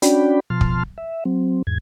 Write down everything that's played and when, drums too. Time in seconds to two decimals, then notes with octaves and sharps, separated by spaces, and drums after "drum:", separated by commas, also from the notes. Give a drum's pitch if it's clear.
0.02 C#4 D4 F#4 D5 G5 B5, drum: hi-hat
0.50 B2 F3 A5 C6 F6
0.61 drum: kick
0.98 E5
1.25 F#3 C4
1.67 E2 G#2 G#6